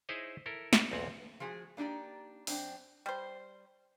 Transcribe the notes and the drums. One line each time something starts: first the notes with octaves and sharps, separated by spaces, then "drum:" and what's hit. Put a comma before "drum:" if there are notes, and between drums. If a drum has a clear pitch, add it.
D#4 E4 G#4 C5 C#5 D#5
E4 A4 A#4
drum: snare
B1 E2 C4 F4 C#5 F#5
F3 F#4 G#4
A#3 D4 D#4 G4 D5
F#2 C4 D4, drum: open hi-hat
G3 C5